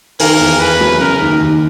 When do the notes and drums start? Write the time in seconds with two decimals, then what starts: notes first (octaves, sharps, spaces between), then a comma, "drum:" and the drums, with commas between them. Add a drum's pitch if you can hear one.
0.20 D#3 A#4, drum: open hi-hat
0.40 E2
0.60 E2 B4
0.80 F#3
1.00 C#3 A#4
1.21 D#2
1.41 D#2